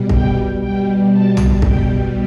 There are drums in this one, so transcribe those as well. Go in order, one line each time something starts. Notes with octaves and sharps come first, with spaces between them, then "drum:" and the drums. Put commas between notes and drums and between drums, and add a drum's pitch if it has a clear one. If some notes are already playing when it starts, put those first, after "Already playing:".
Already playing: B2 G3
G5, drum: kick
B2 G5
G3
A5
drum: tom
B2 G3 G5, drum: kick